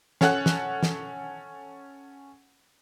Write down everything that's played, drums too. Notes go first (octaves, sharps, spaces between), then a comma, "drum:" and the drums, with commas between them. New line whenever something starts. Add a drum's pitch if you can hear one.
C#4 A4 F#5 F#6, drum: snare
drum: snare
drum: snare